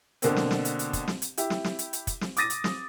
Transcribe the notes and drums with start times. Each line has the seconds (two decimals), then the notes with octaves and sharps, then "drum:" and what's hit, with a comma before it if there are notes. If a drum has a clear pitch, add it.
0.22 B2 D3 A#3 C4, drum: hi-hat
0.36 drum: snare
0.51 drum: snare
0.65 drum: hi-hat
0.79 drum: hi-hat
0.93 drum: kick, hi-hat
1.08 drum: snare
1.22 drum: hi-hat
1.37 E4 G4, drum: hi-hat
1.50 drum: snare
1.64 drum: snare
1.79 drum: hi-hat
1.93 drum: hi-hat
2.07 drum: kick, hi-hat
2.21 drum: snare
2.37 D6 D#6 A6 A#6 D#7, drum: hi-hat
2.50 drum: hi-hat
2.64 drum: snare